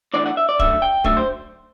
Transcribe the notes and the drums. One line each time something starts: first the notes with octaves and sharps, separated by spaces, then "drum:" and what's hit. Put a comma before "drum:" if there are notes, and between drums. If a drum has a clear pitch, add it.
A2 E3 B3 D4 D5
F#5
E5
D5
F#2 D3 A3 E5, drum: kick
G5
F#2 D3 A3 E5, drum: kick
C5